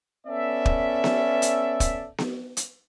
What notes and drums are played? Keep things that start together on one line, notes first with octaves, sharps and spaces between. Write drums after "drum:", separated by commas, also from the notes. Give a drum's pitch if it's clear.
B3 C#4 A4 D5 E5
drum: kick
drum: snare B3
drum: hi-hat
drum: kick, hi-hat
drum: snare B3
drum: hi-hat